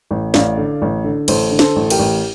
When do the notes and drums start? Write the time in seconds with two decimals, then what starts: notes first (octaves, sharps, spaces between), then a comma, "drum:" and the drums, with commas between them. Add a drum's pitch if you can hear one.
0.11 A1
0.34 A1 D5 F5, drum: snare
0.57 D3
0.82 A1
1.04 D3
1.28 A1 A4 C5, drum: cymbal
1.51 D3
1.59 A4 C5, drum: snare
1.76 A1
1.90 G4 A#4, drum: cymbal
1.99 A1